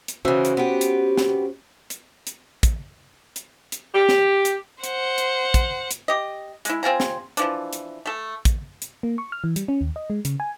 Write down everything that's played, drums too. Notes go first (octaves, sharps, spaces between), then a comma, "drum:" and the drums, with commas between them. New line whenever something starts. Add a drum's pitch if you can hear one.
drum: hi-hat
C#3 E3 C#4 F#4 C5
drum: hi-hat
B3 G4
drum: hi-hat
drum: snare
drum: hi-hat
drum: hi-hat
drum: kick, hi-hat
drum: hi-hat
drum: hi-hat
G4
drum: snare
drum: hi-hat
C5 F#5, drum: hi-hat
drum: hi-hat
drum: kick, hi-hat
drum: hi-hat
G4 D#5
G#3 E4, drum: hi-hat
C4 F4 G#5 A#5
drum: snare
E3 F3 D4, drum: hi-hat
drum: hi-hat
A3 A4
drum: kick, hi-hat
drum: hi-hat
A#3
C#6
F6
E3
G3, drum: hi-hat
C#4
D#2
D#5
G#3
C#3, drum: hi-hat
G#5